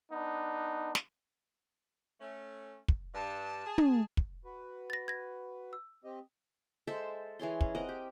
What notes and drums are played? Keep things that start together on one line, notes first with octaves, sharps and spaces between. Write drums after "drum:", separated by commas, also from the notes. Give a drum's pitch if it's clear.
B3 D4 D#4
drum: snare
A3 C#4
drum: kick
G2 A5
G#4
drum: tom
drum: kick
F#4 B4
A6 A#6
G#6 A#6
E6
C4 G4 D#5
G#3 A4 C5 E5
E3 G#4 C#5 C6
C#4, drum: kick
C4 A#4 D#5 F#5
G4